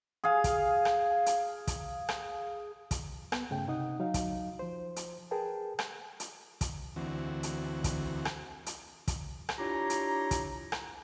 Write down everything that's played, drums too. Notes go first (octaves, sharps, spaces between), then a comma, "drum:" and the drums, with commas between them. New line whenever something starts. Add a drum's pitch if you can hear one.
G#4 F5
drum: kick, hi-hat
drum: rim click
drum: hi-hat
drum: kick, hi-hat
drum: rim click
drum: kick, hi-hat
B3, drum: rim click
G2 C#3 A3 G5
C3 D#4 F#5 D#6
F#3 D#4 F5
drum: kick, hi-hat
F3 C5
drum: hi-hat
G#4 A#4 B4 G5 A5
drum: rim click
drum: hi-hat
drum: kick, hi-hat
D2 E3 C4 F#4
drum: hi-hat
drum: kick, hi-hat
drum: rim click
drum: hi-hat
drum: kick, hi-hat
drum: rim click
D4 E4 F4 G4 C#5 A#5
drum: hi-hat
drum: kick, hi-hat
drum: rim click